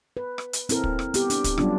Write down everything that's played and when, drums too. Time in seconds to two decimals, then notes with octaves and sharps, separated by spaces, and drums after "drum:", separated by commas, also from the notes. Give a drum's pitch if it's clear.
0.17 B4
0.38 drum: rim click
0.53 drum: hi-hat
0.69 C4 E4 A4 A#4, drum: hi-hat
0.84 drum: kick
0.99 drum: rim click
1.14 B3 G4, drum: hi-hat
1.30 D4, drum: hi-hat
1.44 drum: kick, hi-hat
1.58 F#3 G3 B3 C#4 D4 F4, drum: rim click